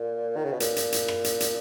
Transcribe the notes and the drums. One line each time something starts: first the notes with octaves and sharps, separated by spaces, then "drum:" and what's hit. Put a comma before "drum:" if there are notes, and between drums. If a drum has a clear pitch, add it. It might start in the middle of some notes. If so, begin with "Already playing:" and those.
Already playing: A#2
D#3
C#3
B2
A#2, drum: hi-hat
drum: hi-hat
drum: hi-hat
drum: rim click
drum: hi-hat
drum: hi-hat